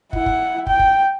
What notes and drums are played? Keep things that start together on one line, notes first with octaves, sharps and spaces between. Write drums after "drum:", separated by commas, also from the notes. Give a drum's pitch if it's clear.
E4 F#5, drum: kick
drum: kick
G5, drum: kick
drum: kick